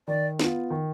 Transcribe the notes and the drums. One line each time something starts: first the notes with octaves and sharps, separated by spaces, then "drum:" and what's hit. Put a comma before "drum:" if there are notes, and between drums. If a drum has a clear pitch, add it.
D#3 D5
B3 F4, drum: snare
D#3